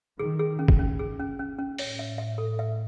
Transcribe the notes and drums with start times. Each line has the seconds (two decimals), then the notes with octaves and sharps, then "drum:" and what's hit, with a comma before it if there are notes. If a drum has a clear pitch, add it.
0.19 D#3 G#4
0.39 G#4
0.59 C#4
0.68 drum: kick
0.79 C#4
0.99 G#4
1.20 C#4
1.39 C#4
1.59 C#4
1.78 A2 C#5, drum: open hi-hat
1.99 E5
2.18 E5
2.38 A4
2.59 E5